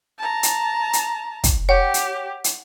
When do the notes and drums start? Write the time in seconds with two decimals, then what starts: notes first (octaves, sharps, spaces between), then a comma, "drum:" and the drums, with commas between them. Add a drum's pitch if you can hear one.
0.18 A5 A#5
0.43 drum: hi-hat
0.93 drum: hi-hat
1.44 drum: kick, hi-hat
1.69 G4 C#5 F#5 G5
1.94 drum: hi-hat
2.44 drum: hi-hat